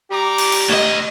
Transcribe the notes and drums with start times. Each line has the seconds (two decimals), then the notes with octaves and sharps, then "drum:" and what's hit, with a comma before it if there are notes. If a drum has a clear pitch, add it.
0.10 G3 G4 A#5 D6
0.38 drum: cymbal
0.52 drum: cymbal
0.69 D2 D#5